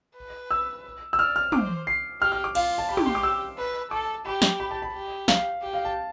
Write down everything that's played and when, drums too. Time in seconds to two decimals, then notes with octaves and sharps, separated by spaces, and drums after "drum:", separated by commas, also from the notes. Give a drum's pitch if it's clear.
0.16 B4
0.51 E6
1.13 E6
1.19 D5 F6
1.36 F6
1.52 C5 D6, drum: tom
1.87 C7
2.21 G4 F6
2.32 F6
2.44 D6
2.55 F4 F5, drum: cymbal
2.78 A5
2.89 G4 B5
2.97 D6, drum: tom
3.06 C6
3.15 D6
3.23 E6
3.58 B4
3.91 A4 D6
4.26 G4 B5
4.42 drum: snare
4.60 B5
4.71 A5
4.82 B5
4.93 G4
5.28 F5, drum: snare
5.62 G4
5.73 F5
5.85 A5